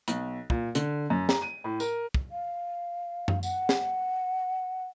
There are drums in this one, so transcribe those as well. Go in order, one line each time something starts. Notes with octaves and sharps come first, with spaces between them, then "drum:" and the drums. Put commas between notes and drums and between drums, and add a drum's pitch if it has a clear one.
B1, drum: hi-hat
A#2, drum: kick
D3, drum: hi-hat
F#2
A#5, drum: snare
D#7
A2
A#4, drum: tambourine
drum: kick
F5
drum: tom F#2
F#5, drum: tambourine
drum: snare